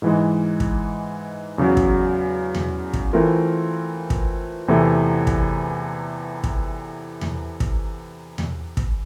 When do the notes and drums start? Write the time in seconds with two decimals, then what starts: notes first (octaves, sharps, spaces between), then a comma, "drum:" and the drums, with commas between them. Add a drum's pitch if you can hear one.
0.02 G#2 E3 G#3
0.60 drum: kick
1.58 E2 C#3 F#3
1.77 drum: kick
2.55 drum: tom E2
2.93 drum: kick
3.13 E3 A3 C4 F4 A#4
4.10 drum: kick
4.68 E2 C3 E3 A3
5.27 drum: kick
6.44 drum: kick
7.21 drum: tom E2
7.60 drum: kick
8.38 drum: tom E2
8.77 drum: kick